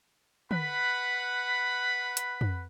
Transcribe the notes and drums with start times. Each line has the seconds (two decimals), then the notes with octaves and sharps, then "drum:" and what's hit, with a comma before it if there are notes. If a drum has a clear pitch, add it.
0.51 B4 F#5 B5, drum: tom
2.17 drum: hi-hat
2.41 drum: tom